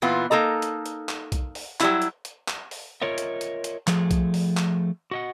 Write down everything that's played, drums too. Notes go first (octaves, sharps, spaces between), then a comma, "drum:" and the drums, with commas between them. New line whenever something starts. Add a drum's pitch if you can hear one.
A#2 E3 B3 F4
A#3 D#4 A4 A#5
drum: hi-hat
drum: hi-hat
drum: clap
drum: kick B1, hi-hat
drum: open hi-hat
F#3 G3 E4, drum: clap
drum: hi-hat
drum: hi-hat
drum: clap
drum: open hi-hat
F4 A#4 C#5 D#5 E5
drum: hi-hat
drum: hi-hat
drum: hi-hat
F3 A3 G#4, drum: clap
drum: kick B1, hi-hat
drum: open hi-hat
drum: clap
F#4 D#5 F#5